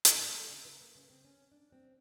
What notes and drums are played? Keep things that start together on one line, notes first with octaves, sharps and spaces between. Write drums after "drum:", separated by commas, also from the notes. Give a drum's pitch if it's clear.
drum: hi-hat
A#2
A4
C#3
B4
A#3
C#3
C4
C#4
D4
C4